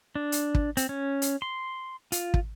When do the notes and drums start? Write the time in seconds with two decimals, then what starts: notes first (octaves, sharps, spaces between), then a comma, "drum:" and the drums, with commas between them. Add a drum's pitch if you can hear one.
0.15 D4
0.32 drum: hi-hat
0.55 drum: kick
0.77 C4, drum: hi-hat
0.89 C#4
1.22 drum: hi-hat
1.42 C6
2.12 F4, drum: hi-hat
2.34 drum: kick